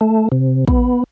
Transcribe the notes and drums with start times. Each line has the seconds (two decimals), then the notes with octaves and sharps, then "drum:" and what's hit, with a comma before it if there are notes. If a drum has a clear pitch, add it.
0.01 A3
0.32 C3
0.68 B3, drum: kick